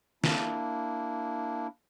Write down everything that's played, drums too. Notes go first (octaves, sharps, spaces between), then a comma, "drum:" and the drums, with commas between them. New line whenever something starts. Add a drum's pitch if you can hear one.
A#3 D4 E4, drum: snare